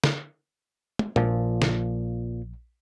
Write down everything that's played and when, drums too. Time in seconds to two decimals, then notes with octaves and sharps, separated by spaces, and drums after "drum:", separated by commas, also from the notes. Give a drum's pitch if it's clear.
0.04 drum: snare
0.99 drum: tom
1.16 A#1 A#2 F3, drum: tom
1.62 drum: snare